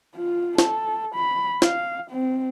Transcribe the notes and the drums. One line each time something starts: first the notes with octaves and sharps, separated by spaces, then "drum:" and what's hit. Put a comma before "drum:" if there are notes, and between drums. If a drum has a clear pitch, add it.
F4
A4, drum: snare
B5
F5, drum: snare
C4